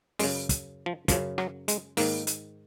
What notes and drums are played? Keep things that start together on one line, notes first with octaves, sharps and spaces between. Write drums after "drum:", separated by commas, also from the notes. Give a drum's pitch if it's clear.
F#2 C#3 G#3, drum: open hi-hat
drum: kick, hi-hat
F3
F#2 C#3 F3, drum: kick, hi-hat
F#3, drum: rim click
G#3, drum: hi-hat
G#2 D#3 A#3, drum: open hi-hat
drum: hi-hat